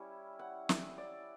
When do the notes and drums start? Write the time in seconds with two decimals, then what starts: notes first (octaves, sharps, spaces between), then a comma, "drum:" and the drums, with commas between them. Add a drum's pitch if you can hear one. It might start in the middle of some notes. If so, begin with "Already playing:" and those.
Already playing: G3 C#4 E4
0.39 F#5
0.69 E5, drum: snare
0.98 D5